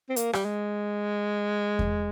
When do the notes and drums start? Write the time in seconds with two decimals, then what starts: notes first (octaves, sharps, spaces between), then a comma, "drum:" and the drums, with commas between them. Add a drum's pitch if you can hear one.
0.09 C4
0.16 A#3, drum: hi-hat
0.33 G3, drum: rim click
0.45 G#3
1.79 drum: kick E2